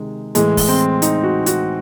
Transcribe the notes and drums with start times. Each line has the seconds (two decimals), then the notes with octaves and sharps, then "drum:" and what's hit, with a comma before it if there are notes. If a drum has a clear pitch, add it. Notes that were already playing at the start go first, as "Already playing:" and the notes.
Already playing: C3 D#3 G#3
0.35 A2 E3 G#3, drum: hi-hat
0.57 drum: kick, open hi-hat
0.69 C4
1.02 D#4, drum: hi-hat
1.23 F#4
1.46 F#4, drum: hi-hat